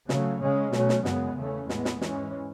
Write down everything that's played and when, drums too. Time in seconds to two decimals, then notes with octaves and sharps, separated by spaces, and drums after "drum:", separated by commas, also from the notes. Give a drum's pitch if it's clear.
0.09 C#3 F#3 A3, drum: snare
0.41 C#3 G#3 C#4
0.72 B2 F#3 A3 C#4, drum: snare
0.89 drum: snare
1.05 F#2 C#3 G#3 B3, drum: snare
1.36 E2 C#3 E3 A3 C#4
1.69 A2 E3 G#3 B3, drum: snare
1.85 drum: snare
2.01 G#2 E3 G#3 C#4, drum: snare